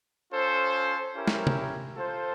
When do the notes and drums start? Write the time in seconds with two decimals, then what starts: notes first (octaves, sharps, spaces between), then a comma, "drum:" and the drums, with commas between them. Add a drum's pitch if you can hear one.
0.32 C#4 F4 A4 C5
1.14 C#4 E4 G4 A#4
1.28 drum: snare G#3
1.47 drum: tom C3
1.96 F4 A4 C5